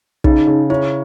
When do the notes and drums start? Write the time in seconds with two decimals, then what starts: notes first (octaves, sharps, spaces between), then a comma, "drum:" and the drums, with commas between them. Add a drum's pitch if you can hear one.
0.24 C#3 D#4, drum: kick
0.47 C#3
0.70 C#4 E4